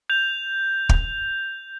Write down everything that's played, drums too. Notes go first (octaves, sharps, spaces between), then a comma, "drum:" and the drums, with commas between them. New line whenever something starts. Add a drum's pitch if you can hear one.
G6 F7
drum: kick